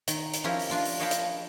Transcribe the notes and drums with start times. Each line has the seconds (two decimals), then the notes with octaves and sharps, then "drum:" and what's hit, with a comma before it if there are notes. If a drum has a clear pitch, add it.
0.08 D#3, drum: hi-hat
0.34 drum: hi-hat
0.44 F3 C#4 E4 G4 A#4
0.59 drum: open hi-hat
0.70 D4 F4 A#4
0.85 drum: open hi-hat
1.00 C#5 D#5 F5 G5 A5 B5
1.11 drum: hi-hat